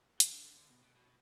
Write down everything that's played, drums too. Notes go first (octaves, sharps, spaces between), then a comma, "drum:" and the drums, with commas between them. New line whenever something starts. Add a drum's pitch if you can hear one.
E3, drum: hi-hat
D3
D3
D3
B2
B2
B2